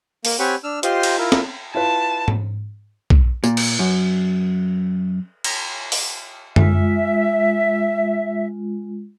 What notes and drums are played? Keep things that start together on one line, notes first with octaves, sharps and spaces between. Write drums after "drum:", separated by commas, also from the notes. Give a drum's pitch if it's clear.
A#3, drum: open hi-hat
C4 G4 C#5 F#5 G#5 B5
D4 E6 F6
F4 G4 C5 D#5 F5 C6, drum: hi-hat
drum: cymbal
E4 F4 A#4
drum: snare
E4 F4 B4 A5
drum: tom G#2
drum: kick
A#2, drum: tambourine
drum: cymbal
F#2
drum: cymbal
drum: open hi-hat
G#3 F4 E5, drum: tom F#2